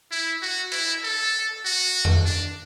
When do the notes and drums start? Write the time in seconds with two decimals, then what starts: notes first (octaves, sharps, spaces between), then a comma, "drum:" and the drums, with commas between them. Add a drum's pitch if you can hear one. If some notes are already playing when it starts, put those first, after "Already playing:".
0.11 E4
0.42 F#4
0.72 E4, drum: cymbal
1.04 A4
1.65 F#4
2.05 drum: tom F2
2.25 D4